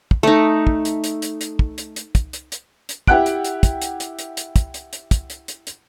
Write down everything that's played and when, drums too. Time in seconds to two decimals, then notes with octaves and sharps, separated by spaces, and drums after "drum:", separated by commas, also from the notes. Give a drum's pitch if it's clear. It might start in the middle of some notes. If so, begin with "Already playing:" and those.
0.11 drum: kick
0.23 A3 D#4
0.67 drum: kick
0.85 drum: hi-hat
1.04 drum: hi-hat
1.22 drum: hi-hat
1.41 drum: hi-hat
1.59 drum: kick
1.78 drum: hi-hat
1.96 drum: hi-hat
2.15 drum: kick, hi-hat
2.33 drum: hi-hat
2.52 drum: hi-hat
2.89 drum: hi-hat
3.07 E4 G4 F#5 G5 F#6 D7, drum: kick
3.26 drum: hi-hat
3.45 drum: hi-hat
3.63 drum: kick, hi-hat
3.82 drum: hi-hat
4.00 drum: hi-hat
4.19 drum: hi-hat
4.37 drum: hi-hat
4.56 drum: kick, hi-hat
4.74 drum: hi-hat
4.93 drum: hi-hat
5.11 drum: kick, hi-hat
5.30 drum: hi-hat
5.48 drum: hi-hat
5.67 drum: hi-hat